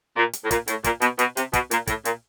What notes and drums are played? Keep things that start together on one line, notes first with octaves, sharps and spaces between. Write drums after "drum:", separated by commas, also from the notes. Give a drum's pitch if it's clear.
A#2
drum: hi-hat
A2
A#2, drum: kick, hi-hat
A2, drum: hi-hat
A#2, drum: kick, hi-hat
B2, drum: hi-hat
B2, drum: hi-hat
C3, drum: hi-hat
B2, drum: kick, hi-hat
A#2, drum: hi-hat
A2, drum: kick, hi-hat
A#2, drum: hi-hat